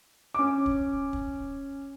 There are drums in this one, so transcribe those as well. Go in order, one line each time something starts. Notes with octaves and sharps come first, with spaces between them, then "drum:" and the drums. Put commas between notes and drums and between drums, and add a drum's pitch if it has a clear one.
C#4 D6
drum: kick
drum: kick